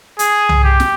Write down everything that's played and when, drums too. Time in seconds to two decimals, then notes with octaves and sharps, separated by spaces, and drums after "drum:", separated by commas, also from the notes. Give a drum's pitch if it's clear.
0.19 G#4, drum: hi-hat
0.49 drum: tom C2
0.64 G4
0.80 drum: snare